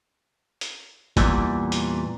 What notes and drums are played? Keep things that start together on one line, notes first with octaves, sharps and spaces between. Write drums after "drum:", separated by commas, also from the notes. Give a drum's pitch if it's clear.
drum: hi-hat
E2 A#2 E3 G3, drum: kick G1, hi-hat
drum: hi-hat